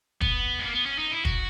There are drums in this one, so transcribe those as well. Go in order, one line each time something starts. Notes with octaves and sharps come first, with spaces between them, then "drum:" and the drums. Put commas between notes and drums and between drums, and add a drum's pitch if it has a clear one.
B3, drum: kick
G#3
A#3
B3
C#4
D#4
E4
F#4, drum: kick